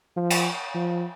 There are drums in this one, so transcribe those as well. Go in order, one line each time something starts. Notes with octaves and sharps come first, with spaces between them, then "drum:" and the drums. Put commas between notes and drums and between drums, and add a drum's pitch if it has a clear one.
F3
drum: cymbal
F3